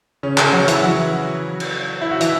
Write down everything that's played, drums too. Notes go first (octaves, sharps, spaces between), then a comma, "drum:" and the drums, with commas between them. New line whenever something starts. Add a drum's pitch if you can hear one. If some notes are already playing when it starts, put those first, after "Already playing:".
C#3 C#4
C#3 C#4, drum: clap
F#3 F#4
E3 E4, drum: hi-hat
F#3 F#4
drum: cymbal
E4
F#4
E3 E4, drum: hi-hat